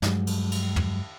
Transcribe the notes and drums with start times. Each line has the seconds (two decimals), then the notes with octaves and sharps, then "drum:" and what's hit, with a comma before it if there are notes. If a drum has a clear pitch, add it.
0.02 G2 F3 F#3 G#3, drum: snare
0.27 drum: cymbal
0.52 drum: cymbal
0.76 drum: tom